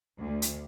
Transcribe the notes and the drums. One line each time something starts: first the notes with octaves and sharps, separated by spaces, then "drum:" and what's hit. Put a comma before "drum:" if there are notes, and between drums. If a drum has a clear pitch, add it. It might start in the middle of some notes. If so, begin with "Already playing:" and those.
D2
drum: hi-hat